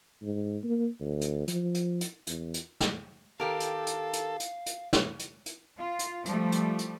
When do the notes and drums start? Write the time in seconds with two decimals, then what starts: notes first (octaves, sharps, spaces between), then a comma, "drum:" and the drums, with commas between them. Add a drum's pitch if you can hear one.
0.22 G#2
0.64 A#3
1.00 D2
1.21 drum: hi-hat
1.48 F3, drum: hi-hat
1.74 drum: hi-hat
2.01 drum: hi-hat
2.27 E2, drum: hi-hat
2.54 drum: hi-hat
2.80 drum: snare
3.40 D#3 G4 A4 A#4 F5
3.60 drum: hi-hat
3.87 drum: hi-hat
4.13 drum: hi-hat
4.40 drum: hi-hat
4.66 drum: hi-hat
4.93 drum: snare
5.19 drum: hi-hat
5.46 drum: hi-hat
5.78 F4
5.99 drum: hi-hat
6.25 F3 G3 A3, drum: hi-hat
6.52 drum: hi-hat
6.79 drum: hi-hat